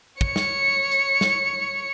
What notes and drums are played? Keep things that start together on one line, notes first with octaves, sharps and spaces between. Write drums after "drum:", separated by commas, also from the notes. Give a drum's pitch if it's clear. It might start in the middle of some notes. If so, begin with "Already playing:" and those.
C#5 C#7, drum: kick
drum: snare
drum: hi-hat
drum: snare